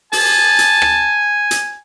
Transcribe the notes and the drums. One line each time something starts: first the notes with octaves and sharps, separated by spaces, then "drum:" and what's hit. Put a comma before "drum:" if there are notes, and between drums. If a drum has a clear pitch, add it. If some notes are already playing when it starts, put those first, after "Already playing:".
G#5 A5, drum: open hi-hat
drum: hi-hat
drum: rim click
drum: hi-hat